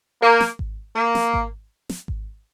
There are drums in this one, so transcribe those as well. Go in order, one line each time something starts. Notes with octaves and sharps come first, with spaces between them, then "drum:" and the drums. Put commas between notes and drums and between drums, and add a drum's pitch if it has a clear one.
A#3
drum: snare
drum: kick G#1
A#3
drum: snare
drum: kick G#1
drum: snare
drum: kick G#1